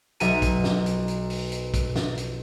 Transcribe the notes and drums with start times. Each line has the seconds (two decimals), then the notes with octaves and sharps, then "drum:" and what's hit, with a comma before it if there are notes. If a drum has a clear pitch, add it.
0.20 B1 E5 F#5 A#5 D#7, drum: hi-hat
0.42 drum: kick, hi-hat
0.64 drum: snare
0.86 drum: hi-hat
1.08 drum: hi-hat
1.30 drum: open hi-hat
1.52 drum: hi-hat
1.74 drum: kick, hi-hat
1.96 drum: snare
2.17 drum: hi-hat